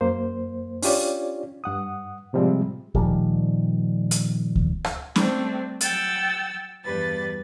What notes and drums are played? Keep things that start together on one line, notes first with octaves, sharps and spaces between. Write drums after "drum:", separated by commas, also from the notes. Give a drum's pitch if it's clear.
F#2 A#3 C5
C#4 D4 F4 G4 C#5 D5, drum: open hi-hat
G2 F#5 D#6
A2 C3 F3 G3 G#3 C4
A#2 D#3 F3 G3, drum: kick D2
drum: hi-hat
drum: kick D2
drum: rim click
G3 A3 C4 D4, drum: snare C#4
F#3 F#5 G5 E6 A6, drum: hi-hat
E2 G2 G3 B4 A6